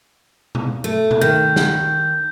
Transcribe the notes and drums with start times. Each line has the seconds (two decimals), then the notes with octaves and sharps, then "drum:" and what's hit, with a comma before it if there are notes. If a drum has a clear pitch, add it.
0.55 drum: tom B2
0.84 A3
1.11 drum: tom B2
1.21 D#3 G6
1.56 drum: snare